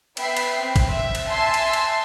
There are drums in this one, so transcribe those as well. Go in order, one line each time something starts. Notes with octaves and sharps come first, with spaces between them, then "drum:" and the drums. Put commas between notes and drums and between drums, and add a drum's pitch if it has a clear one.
B3 E5 G5 B5 C7, drum: cymbal
drum: cymbal
C4
drum: kick, cymbal
E5
drum: cymbal
E5 G#5 A5 C6 E6
drum: cymbal
drum: cymbal